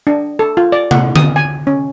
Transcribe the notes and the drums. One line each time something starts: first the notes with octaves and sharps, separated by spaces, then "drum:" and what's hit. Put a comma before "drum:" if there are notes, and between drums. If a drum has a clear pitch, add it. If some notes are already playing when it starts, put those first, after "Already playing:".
D4
A4
F4
D5
F#5, drum: tom C3
D#6, drum: tom D3
G#5
C#4